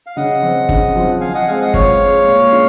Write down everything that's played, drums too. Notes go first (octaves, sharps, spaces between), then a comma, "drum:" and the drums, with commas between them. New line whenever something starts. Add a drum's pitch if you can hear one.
F5
C#3 D#5 F#5
F3 C4 F4
C#3, drum: kick
F3 C4 F4
F3 F5 G#5
D#5 F#5
G#3 C4 F5 G#5
D#5 F#5
F3 C#5 F5, drum: kick
G#3 C4
A#2
G#3 C#4 F4